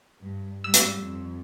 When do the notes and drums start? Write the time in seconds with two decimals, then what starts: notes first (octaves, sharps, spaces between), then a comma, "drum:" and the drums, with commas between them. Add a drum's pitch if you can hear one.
0.22 G2
0.64 G#2 G3 E6
0.74 drum: hi-hat
0.98 F2